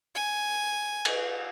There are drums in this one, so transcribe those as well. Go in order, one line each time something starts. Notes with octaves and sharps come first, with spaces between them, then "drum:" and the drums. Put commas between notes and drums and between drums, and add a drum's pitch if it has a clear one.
G#5
drum: cymbal